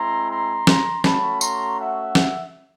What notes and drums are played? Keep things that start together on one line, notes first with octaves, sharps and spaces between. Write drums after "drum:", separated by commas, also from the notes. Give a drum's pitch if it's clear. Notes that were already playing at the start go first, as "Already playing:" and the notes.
Already playing: G#3 C4 E4 A#5 C6
A#5 C6
A#5 C6, drum: snare
A3 C#4 F#4 A5 B5, drum: snare
A#5 C6, drum: tambourine
E5 F#5
drum: snare